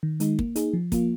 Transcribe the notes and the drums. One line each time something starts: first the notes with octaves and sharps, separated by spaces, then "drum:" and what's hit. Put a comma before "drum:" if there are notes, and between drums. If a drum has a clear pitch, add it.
D#3
G#3 D#4, drum: hi-hat
A#3, drum: kick
D#4 G#4, drum: hi-hat
F3
A#3 F4, drum: kick, hi-hat